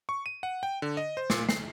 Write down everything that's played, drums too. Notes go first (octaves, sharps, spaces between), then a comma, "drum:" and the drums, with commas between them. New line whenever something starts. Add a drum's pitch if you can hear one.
C#6
D#7
F#5
G5
D3
D#5
C5
A#2, drum: snare
C7, drum: snare